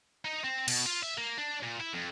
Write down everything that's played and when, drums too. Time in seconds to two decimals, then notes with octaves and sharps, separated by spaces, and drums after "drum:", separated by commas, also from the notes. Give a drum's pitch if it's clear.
0.25 D#4
0.44 C4
0.68 B2, drum: cymbal
0.86 F4
1.03 E5
1.18 A#3
1.38 D4
1.63 A#2
1.81 E4
1.94 F2